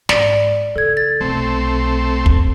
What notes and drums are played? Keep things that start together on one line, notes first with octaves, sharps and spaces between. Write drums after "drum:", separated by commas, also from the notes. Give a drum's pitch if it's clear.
G#2 D5 B6, drum: snare
C#3 A4 G#6
A6
B1 C3 A3 C4
drum: kick